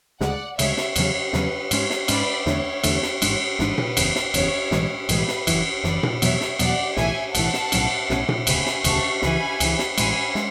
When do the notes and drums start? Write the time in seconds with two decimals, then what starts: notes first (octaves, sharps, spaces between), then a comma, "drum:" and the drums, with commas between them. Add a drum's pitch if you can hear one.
0.21 D2 C#3 G#3 D5 F#5, drum: snare
0.59 D2 C#3 G#3 C#5 E5, drum: cymbal
0.77 drum: snare
0.96 E2 C#3 F#3 C#4 C#5, drum: cymbal
1.33 E2 C#3 F#3 C#4 B4, drum: snare
1.71 G#2 G#3 C#4 C#5, drum: cymbal
1.90 drum: snare
2.08 G#2 G#3 C#4 B4 D5, drum: cymbal
2.46 E2 D3 A3 D4 C#5, drum: snare
2.83 E2 D3 A3 D4, drum: cymbal
3.03 drum: snare
3.22 A1 G#2 G#3 D4 C#5, drum: cymbal
3.59 A1 G#2 G#3 D4 B4, drum: snare
3.78 drum: tom A#2
3.97 F#1 E2 C#3, drum: cymbal
4.15 drum: snare
4.34 F#1 E2 C#3 C#5, drum: cymbal
4.71 B1 A2 E3 G#3, drum: snare
5.09 B1 A2 E3 G#3 B4, drum: cymbal
5.28 drum: snare
5.47 F#1 F#2 E3 C#5, drum: cymbal
5.84 F#1 F#2 E3 B4 D5, drum: snare
6.03 drum: tom A#2
6.22 E2 B2 F#3 B3 C#5 E5, drum: cymbal
6.41 drum: snare
6.59 E2 B2 F#3 B3 D5 F#5, drum: cymbal
6.96 B1 A2 E3 E5 G#5, drum: snare
7.35 B1 A2 E3 F#5 A5, drum: cymbal
7.53 drum: snare
7.72 B1 A2 F#3 C#4, drum: cymbal
8.10 B1 A2 F#3 C#4, drum: snare
8.29 drum: tom A#2
8.47 E1 D2 C#3 G#5 B5, drum: cymbal
8.66 drum: snare
8.84 E1 D2 C#3 A5 C#6, drum: cymbal
9.22 C#2 C#3 E3 G#5 B5, drum: snare
9.60 C#2 C#3 E3, drum: cymbal
9.79 drum: snare
9.98 A1 A2 G#3 G#5 B5, drum: cymbal
10.35 G#3, drum: snare